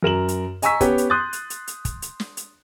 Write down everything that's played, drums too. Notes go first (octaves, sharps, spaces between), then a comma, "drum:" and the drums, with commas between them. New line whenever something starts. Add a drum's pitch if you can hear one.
F#2 A#4 E7 F#7
drum: hi-hat
D#5 G#5 A#5 C#6 E6 B6, drum: hi-hat
B3 C#4 G4 C#5, drum: kick, hi-hat
drum: hi-hat
C6 D#6 F#6 G6 A6
drum: hi-hat
drum: hi-hat
drum: hi-hat
drum: kick, hi-hat
drum: hi-hat
drum: snare
drum: hi-hat